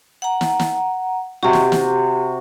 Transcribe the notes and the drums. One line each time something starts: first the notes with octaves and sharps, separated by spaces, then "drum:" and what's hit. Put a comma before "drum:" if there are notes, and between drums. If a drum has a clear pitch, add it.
F#5 A#5
drum: snare
drum: snare
C3 F#4 G4
drum: snare
drum: snare